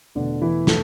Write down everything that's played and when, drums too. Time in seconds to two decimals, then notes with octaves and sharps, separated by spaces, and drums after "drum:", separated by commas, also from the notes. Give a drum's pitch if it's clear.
0.15 E2 B2 D3 A3 D4
0.41 E3 E4
0.67 A3 A4, drum: snare